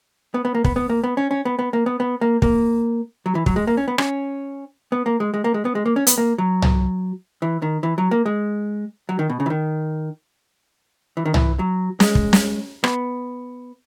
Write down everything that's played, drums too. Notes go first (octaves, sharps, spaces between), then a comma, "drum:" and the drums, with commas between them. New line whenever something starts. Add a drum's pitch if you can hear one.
B3
B3
A#3
B3, drum: kick
B3
A#3
B3
C#4
C#4
B3
B3
A#3
B3
B3
A#3
A#3, drum: kick
F#3
E3
F#3, drum: kick
G#3
A#3
C#4
B3
C#4, drum: rim click
B3
A#3
G#3
G#3
A#3
G#3
B3
G#3
A#3
C#4
B3, drum: hi-hat
A#3
F#3
drum: tom
E3
D#3
E3
F#3
A#3
G#3
F#3
D#3
B2
C#3
E3
D#3
E3
D#3
E3, drum: tom
F#3
G#3, drum: snare
drum: kick
drum: snare
B3, drum: rim click